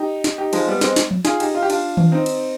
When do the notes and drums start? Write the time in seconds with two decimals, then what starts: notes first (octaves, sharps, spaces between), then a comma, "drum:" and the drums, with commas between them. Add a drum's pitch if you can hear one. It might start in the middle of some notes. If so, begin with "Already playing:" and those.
Already playing: D#4 G4
0.24 drum: snare
0.38 D#4 G4
0.53 F3 G#3, drum: cymbal
0.67 G3 B3
0.81 G#3 C4, drum: snare
0.96 drum: snare
1.11 drum: tom F3
1.25 F4 G#4, drum: snare
1.40 D#4 G4, drum: cymbal
1.55 F4
1.63 G4
1.70 D4 F4, drum: cymbal
1.97 drum: tom D#3
2.12 C4 D#4
2.26 drum: cymbal